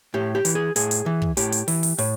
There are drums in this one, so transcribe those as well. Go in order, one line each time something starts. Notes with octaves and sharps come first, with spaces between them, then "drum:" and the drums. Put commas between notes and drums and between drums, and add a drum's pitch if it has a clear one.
A2 G4
G4
E3, drum: hi-hat
G#4
A2 G#4, drum: hi-hat
drum: hi-hat
E3
drum: kick
A2 G4, drum: hi-hat
drum: hi-hat
E3, drum: open hi-hat
drum: open hi-hat
A2, drum: open hi-hat